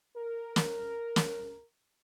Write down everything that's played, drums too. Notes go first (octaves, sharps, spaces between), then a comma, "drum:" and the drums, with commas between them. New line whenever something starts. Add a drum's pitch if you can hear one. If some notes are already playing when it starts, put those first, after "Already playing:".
A#4
A#4, drum: snare
drum: snare